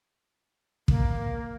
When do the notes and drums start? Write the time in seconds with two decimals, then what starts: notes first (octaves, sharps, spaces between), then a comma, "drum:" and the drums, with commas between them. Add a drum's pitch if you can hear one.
0.88 A#3, drum: kick